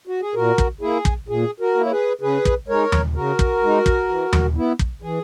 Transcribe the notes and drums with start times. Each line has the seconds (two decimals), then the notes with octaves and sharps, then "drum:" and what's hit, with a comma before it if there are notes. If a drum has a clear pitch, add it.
0.07 F#4
0.21 G#4
0.34 A#2 F#4 A#4
0.58 drum: kick
0.81 A#3 E4 G#4
1.05 drum: kick
1.28 A#2 G#4
1.60 F#4 A#4
1.75 A#3 E4
1.86 C#5
1.91 G#4 B4
2.21 C#3 G#4 B4
2.45 drum: kick
2.68 G#3 D#4 A#4 C#5
2.92 drum: tom D#2
3.15 C#3 F#4 A#4
3.39 drum: kick
3.63 G#3 D#4
3.86 drum: kick
4.09 E3
4.33 drum: tom D#2
4.57 B3 E4
4.79 drum: kick
5.02 E3 G#4